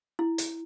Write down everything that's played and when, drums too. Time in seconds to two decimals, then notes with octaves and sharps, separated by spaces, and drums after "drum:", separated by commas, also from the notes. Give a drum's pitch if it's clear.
0.19 E4
0.38 drum: hi-hat